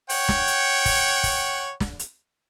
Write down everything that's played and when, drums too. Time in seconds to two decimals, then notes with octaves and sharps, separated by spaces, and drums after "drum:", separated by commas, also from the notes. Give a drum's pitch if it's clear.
0.10 C#5 F#5 G5, drum: open hi-hat
0.29 drum: snare
0.48 drum: hi-hat
0.86 drum: kick, open hi-hat
1.24 drum: kick, open hi-hat
1.80 drum: snare
1.99 drum: hi-hat